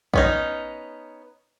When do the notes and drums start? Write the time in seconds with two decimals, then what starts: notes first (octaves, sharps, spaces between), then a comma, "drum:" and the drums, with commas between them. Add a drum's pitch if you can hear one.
0.14 B3 C#4 D#4, drum: kick A#1